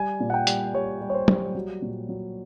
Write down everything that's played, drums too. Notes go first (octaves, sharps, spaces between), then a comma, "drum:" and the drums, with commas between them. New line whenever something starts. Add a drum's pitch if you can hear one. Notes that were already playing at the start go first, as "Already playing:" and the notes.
Already playing: G3 G#5
A#2
F#5
G5
G3, drum: hi-hat
G3 C#5
G3
C#5
C5
G3, drum: tom
F#3
A#2
F#3